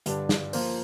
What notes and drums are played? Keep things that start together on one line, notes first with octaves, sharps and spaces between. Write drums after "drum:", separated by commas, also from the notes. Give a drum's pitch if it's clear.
G2 D3 G3 D4, drum: hi-hat
drum: snare
F3 A#3 F4 C5, drum: open hi-hat